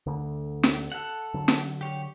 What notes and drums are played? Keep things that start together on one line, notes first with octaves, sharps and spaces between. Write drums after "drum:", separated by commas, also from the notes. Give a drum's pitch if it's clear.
D2 D3
drum: snare
A4 F#5
D3 F#3
drum: snare
G4 C#5